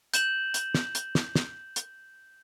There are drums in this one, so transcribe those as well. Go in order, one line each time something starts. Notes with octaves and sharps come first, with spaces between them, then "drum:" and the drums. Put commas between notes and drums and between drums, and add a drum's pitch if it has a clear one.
G6 E7 F#7, drum: hi-hat
drum: hi-hat
drum: snare
drum: hi-hat
drum: snare
drum: snare
drum: hi-hat